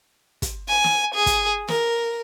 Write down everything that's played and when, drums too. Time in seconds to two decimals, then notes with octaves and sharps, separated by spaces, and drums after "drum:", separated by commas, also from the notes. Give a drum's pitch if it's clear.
0.42 drum: kick, hi-hat
0.68 G#5
0.84 drum: snare
1.14 G#4
1.26 drum: kick, hi-hat
1.68 A#4, drum: snare